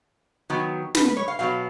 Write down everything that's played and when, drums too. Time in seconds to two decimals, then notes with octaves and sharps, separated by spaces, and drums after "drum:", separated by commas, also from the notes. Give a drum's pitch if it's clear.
0.50 D#3 F#3 B3
0.95 B4, drum: snare
1.05 B4
1.17 C#5
1.28 F5
1.39 B2 F#3 B3 F5